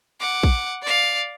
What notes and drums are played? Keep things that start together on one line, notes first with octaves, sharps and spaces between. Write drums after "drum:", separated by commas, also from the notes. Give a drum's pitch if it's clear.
F#5 D6
drum: kick A#1
D5 F5